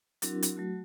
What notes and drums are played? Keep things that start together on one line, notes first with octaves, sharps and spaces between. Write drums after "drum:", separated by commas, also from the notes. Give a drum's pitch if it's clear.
F#3 C4 D4 E4 F#4 A#4, drum: hi-hat
drum: hi-hat
F#3 A3 F#4